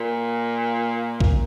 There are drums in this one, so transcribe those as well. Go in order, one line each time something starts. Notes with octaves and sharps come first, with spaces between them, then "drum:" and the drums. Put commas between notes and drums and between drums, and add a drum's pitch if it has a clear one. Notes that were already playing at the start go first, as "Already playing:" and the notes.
Already playing: A#2
drum: kick